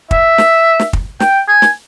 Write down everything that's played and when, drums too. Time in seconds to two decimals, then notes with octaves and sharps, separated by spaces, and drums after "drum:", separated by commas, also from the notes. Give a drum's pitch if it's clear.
0.11 E5, drum: kick
0.38 drum: snare
0.79 drum: snare
0.93 drum: kick
1.20 G5, drum: snare
1.48 G#5
1.62 drum: snare